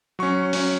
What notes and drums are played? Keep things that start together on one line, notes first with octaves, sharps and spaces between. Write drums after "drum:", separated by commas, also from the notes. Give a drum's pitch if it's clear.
F#3 C#4 C#6
F#3 C#4, drum: open hi-hat